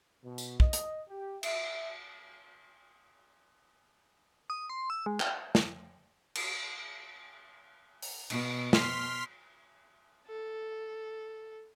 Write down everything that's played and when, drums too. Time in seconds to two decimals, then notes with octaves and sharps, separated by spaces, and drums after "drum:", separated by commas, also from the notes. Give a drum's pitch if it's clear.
0.23 B2
0.38 drum: tambourine
0.60 D#5, drum: kick
0.73 drum: hi-hat
1.09 G4
1.43 E5, drum: cymbal
4.50 D#6
4.70 C6
4.90 E6
5.06 G#3
5.20 G5, drum: clap
5.55 drum: snare
6.35 drum: cymbal
8.02 drum: open hi-hat
8.30 B2, drum: cymbal
8.73 C6 F6 B6, drum: snare
10.27 A4